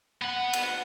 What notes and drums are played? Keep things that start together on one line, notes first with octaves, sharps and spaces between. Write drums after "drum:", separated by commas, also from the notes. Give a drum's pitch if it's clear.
B3 F#5
drum: cymbal